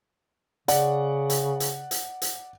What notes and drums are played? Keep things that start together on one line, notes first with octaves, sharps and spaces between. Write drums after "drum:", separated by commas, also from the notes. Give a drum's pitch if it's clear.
C#3 D5 F#5, drum: hi-hat
drum: hi-hat
drum: hi-hat
drum: hi-hat
drum: hi-hat